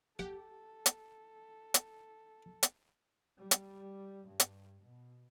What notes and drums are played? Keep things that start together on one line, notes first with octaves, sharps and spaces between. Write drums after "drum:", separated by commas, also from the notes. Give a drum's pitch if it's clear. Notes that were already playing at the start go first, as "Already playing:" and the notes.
G4 A4 F#5
drum: hi-hat
drum: hi-hat
drum: hi-hat
G3
drum: hi-hat
G2
drum: hi-hat
B2